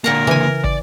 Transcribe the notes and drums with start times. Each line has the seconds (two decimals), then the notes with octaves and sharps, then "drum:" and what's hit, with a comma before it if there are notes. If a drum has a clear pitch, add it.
0.04 A#2 D3 A#3 A#4 F#5 A#5
0.27 C#3 E3 G#5
0.64 D5, drum: kick